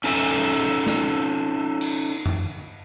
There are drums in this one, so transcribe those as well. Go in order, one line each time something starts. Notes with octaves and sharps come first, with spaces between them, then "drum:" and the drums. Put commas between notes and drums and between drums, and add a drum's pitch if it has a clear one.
C#4 D#4 A4 E5 G#5, drum: cymbal
drum: snare
drum: cymbal
drum: tom F#2